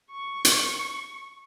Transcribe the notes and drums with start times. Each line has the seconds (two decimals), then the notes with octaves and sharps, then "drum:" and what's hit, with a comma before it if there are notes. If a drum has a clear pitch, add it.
0.11 C#6
0.45 drum: hi-hat